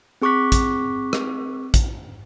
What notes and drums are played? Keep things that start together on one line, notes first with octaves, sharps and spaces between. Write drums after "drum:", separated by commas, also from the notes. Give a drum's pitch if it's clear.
C4 G#4 C#6 D6 F#6 B6
drum: kick, hi-hat
drum: rim click
drum: kick, hi-hat